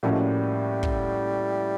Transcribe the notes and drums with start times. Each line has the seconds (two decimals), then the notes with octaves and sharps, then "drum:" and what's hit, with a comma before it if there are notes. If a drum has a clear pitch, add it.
0.03 A2 F3 G3 A#3 C#4 F#4
0.12 G#3
0.19 G3
0.83 drum: kick